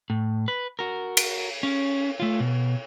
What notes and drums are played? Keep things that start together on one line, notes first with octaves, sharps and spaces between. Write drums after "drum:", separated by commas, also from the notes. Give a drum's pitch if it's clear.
A2
B4
F#4 A#4
drum: cymbal
C#4
A3 F4
B2